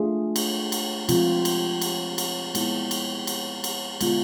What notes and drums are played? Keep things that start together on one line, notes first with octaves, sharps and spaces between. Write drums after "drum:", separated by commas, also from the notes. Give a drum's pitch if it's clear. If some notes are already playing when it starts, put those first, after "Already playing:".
Already playing: A3 D4 F4 G#4
drum: cymbal
drum: cymbal
C3 F3 G#3 C4 F4, drum: cymbal
drum: cymbal
drum: cymbal
drum: cymbal
G#3 B3 E4 G#4, drum: cymbal
drum: cymbal
drum: cymbal
drum: cymbal
D3 G#3 B3 F4, drum: cymbal